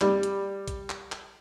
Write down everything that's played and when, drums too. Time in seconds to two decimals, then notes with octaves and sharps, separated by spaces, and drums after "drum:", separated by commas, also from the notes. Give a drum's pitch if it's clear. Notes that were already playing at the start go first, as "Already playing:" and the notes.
0.01 G3, drum: clap
0.23 drum: hi-hat
0.68 drum: kick, hi-hat
0.90 drum: clap
1.12 drum: clap